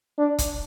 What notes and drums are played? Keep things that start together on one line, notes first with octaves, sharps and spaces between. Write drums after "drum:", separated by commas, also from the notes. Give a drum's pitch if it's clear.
D4
drum: kick, hi-hat